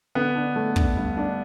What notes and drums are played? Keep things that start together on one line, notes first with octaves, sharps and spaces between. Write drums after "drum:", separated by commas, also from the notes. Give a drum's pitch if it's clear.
D3 B3
D4
A3
D4, drum: kick
G2
D4